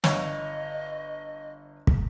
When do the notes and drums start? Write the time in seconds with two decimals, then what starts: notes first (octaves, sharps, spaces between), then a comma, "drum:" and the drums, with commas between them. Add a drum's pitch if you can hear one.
0.04 G1 C#5 D#5, drum: snare
1.87 drum: kick